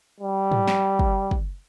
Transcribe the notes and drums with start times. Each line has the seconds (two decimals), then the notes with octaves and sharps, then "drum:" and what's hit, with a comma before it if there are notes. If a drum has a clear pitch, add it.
0.20 G3
0.52 drum: tom G#2
0.68 drum: snare
0.99 drum: kick
1.31 drum: kick